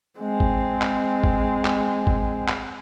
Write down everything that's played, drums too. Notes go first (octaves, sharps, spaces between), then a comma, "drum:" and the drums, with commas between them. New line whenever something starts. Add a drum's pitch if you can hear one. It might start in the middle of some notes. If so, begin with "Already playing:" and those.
G#3 C4
drum: kick G#1
drum: clap
drum: kick G#1
drum: clap
drum: kick G#1
drum: clap